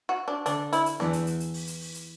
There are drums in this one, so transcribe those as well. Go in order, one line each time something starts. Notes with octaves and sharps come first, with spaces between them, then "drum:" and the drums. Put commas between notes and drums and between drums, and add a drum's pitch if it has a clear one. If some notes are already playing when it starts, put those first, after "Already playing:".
F#4
D4
D3 D4, drum: hi-hat
E4, drum: hi-hat
drum: hi-hat
E2 E3 D4, drum: snare
drum: hi-hat
drum: hi-hat
drum: hi-hat
drum: open hi-hat
drum: hi-hat
drum: open hi-hat
drum: hi-hat